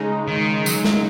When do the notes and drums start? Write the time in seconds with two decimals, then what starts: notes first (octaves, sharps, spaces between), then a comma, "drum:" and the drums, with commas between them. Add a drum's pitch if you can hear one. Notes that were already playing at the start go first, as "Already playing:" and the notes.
Already playing: C#3 G#3 D#4
0.28 D#3
0.66 F#3, drum: tambourine
0.85 drum: snare